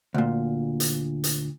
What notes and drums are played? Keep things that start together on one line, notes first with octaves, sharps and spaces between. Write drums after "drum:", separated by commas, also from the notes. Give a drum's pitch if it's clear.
D2 A#2
drum: hi-hat
drum: hi-hat